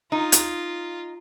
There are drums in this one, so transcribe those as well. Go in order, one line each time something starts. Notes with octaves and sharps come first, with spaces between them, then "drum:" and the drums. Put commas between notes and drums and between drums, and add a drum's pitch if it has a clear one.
D#4 F4
drum: hi-hat